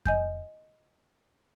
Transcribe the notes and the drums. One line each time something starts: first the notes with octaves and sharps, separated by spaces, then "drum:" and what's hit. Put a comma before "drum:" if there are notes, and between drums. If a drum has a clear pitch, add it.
D#5 G#5 G6, drum: kick F2